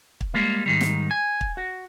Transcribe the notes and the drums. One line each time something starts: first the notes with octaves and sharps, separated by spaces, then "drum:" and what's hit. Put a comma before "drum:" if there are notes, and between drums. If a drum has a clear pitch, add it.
drum: kick
G3 G#3 A#3
G#2 D#3 G3
drum: snare
G#5
drum: kick
F#4